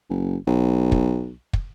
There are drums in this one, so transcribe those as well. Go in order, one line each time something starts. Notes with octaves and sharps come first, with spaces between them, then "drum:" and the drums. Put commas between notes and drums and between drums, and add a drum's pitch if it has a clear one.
F#1
B1
drum: kick
drum: kick